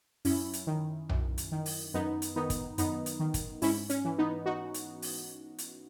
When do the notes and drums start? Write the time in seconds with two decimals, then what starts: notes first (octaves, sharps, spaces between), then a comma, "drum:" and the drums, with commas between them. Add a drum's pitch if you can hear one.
0.25 F#2 C#4 E4, drum: open hi-hat
0.53 drum: hi-hat
0.67 D#3
1.09 F#2, drum: tom B1
1.38 drum: hi-hat
1.52 D#3
1.66 drum: open hi-hat
1.94 F#2 B3 D#4
2.22 drum: hi-hat
2.36 D#3 B3 D#4
2.50 drum: kick, hi-hat
2.78 F#2 B3 D#4, drum: hi-hat
3.06 drum: hi-hat
3.20 D#3
3.34 drum: kick, hi-hat
3.62 G#2 C#4 E4, drum: open hi-hat
3.90 C#4, drum: hi-hat
4.05 E3
4.18 B3 D#4
4.46 D#4 F#4
4.74 drum: hi-hat
5.02 drum: open hi-hat
5.58 drum: hi-hat